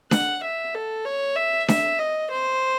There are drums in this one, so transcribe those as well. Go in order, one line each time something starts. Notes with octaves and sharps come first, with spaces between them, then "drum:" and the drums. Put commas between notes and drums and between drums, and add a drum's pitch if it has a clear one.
F#5, drum: snare D4
E5
A4
C#5
E5
E5, drum: snare D4
D#5
C5